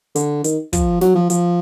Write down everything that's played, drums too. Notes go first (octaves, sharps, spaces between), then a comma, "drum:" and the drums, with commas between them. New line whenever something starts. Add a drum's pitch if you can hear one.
D3, drum: hi-hat
D#3, drum: hi-hat
F3, drum: kick, hi-hat
F#3, drum: snare
F3
F3, drum: hi-hat